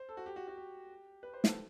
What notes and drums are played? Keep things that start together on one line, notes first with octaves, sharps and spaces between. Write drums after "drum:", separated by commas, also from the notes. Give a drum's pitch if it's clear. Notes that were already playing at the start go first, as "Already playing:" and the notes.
Already playing: C5
A4
F#4
G4
F#4
F#4
G4
B4
C5
A4, drum: snare